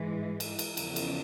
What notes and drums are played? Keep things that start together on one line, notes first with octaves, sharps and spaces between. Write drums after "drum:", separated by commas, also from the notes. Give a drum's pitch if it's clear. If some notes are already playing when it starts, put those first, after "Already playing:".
Already playing: G#2 E3 G#3
drum: cymbal
drum: cymbal
E2 C#3 F3, drum: cymbal
drum: cymbal